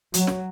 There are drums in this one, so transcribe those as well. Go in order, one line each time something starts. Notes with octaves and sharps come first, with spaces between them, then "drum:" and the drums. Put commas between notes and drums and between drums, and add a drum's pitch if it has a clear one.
F#3, drum: hi-hat
drum: snare